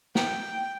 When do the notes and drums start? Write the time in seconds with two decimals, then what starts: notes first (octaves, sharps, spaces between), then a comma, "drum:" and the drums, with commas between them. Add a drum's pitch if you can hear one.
0.15 G5, drum: snare